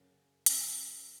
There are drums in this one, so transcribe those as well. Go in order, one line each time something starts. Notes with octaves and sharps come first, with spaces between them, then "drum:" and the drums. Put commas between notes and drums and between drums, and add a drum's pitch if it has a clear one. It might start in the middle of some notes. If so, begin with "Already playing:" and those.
Already playing: F#2 C#3 F#3
F#2 C#3 F#3, drum: hi-hat